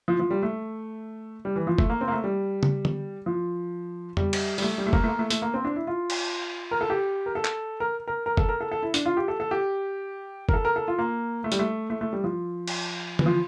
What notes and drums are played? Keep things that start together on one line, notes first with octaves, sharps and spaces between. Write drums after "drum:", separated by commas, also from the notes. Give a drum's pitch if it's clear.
F3
F3
G3
A3
G3
E3
F3
A3, drum: kick
A#3
C4
A#3
A3
G3
drum: tom
drum: tom D3
F3
G3, drum: tom F2
drum: cymbal
G3, drum: open hi-hat
A3
G3
A3
A#3, drum: kick
A3
A#3
A3
A3, drum: hi-hat
A#3
C4
D4
E4
F4
drum: cymbal
A#4
A4
G4
A#4
A4
drum: clap
A#4
A#4
A#4
A4, drum: kick
A#4
A4
A4
E4
D4, drum: hi-hat
F4
G4
A4
A4
G4
A#4, drum: kick
A4
A#4
A4
F4
A#3
A3
G3, drum: hi-hat
A3
A3
A3
G3
F3
drum: cymbal
E3, drum: tom D3
F3